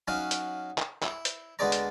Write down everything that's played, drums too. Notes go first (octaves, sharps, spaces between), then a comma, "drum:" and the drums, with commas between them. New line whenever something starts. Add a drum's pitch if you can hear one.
F#3 C#4 D#4 F#4 F5
drum: hi-hat
drum: clap
E4, drum: clap
drum: hi-hat
D2 G#3 B3 G#4 D5 A#5
drum: hi-hat